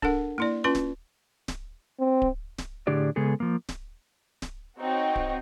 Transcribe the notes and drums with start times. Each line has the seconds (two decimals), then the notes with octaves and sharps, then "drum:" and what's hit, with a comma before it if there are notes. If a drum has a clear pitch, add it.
0.02 D4 A4 A#4 F#5, drum: kick D1
0.38 A#3 E4 D5
0.64 C#4 F4 B4 C6
0.75 drum: snare D1
1.48 drum: snare D1
2.00 C4
2.22 drum: kick D1
2.58 drum: snare D1
2.87 A2 D3 D4 G4 G#4 D5
3.16 C#3 G#3 B3 G#4 A4
3.40 F3 A#3
3.69 drum: snare D1
4.42 drum: snare D1
4.79 C4 D#4 F#4 C#5 D#5 G5
5.16 drum: kick D1